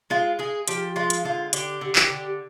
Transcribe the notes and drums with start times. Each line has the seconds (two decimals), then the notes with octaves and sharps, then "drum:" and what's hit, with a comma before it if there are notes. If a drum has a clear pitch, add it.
0.10 G#3 F4
0.39 G#3 G#4
0.68 F3 G4, drum: hi-hat
0.96 G#3 F4
1.10 drum: hi-hat
1.24 D3 F4
1.53 D3 G4, drum: hi-hat
1.81 D3
1.96 G4, drum: clap
2.10 D3